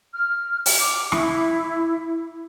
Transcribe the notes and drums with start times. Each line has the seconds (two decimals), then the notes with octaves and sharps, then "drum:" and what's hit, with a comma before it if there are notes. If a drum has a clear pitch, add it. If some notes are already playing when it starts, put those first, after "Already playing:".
0.13 F6
0.66 drum: open hi-hat
0.79 D6
1.12 E4, drum: rim click